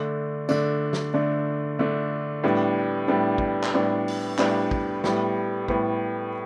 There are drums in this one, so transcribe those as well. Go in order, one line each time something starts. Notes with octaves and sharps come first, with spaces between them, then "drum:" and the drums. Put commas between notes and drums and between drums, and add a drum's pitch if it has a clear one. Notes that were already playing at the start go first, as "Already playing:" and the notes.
Already playing: D3 A3 D4
D3 A3 D4, drum: tambourine
drum: snare
D3 A3 D4
D3 A3 D4
A2 G3 B3 D4
A2 G3 B3 D4
drum: kick
drum: clap
A2 G3 B3 D4
drum: open hi-hat
A2 G3 B3 D4, drum: clap
drum: kick
A2 G3 B3, drum: snare
A2 G3 B3, drum: kick